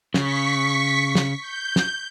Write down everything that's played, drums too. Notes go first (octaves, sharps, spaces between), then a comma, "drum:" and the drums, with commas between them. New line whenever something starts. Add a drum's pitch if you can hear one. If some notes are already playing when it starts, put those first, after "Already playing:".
C#3 C#6 B6, drum: snare
drum: snare
G6
drum: snare